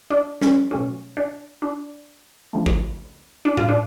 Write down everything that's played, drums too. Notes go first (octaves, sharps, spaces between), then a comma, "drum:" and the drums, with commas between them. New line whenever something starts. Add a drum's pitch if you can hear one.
D4
C#4, drum: snare
B2 F#3 A3 C#4
D4
D4
D3 F3 A3
drum: kick
D4
F4, drum: tom A2
D4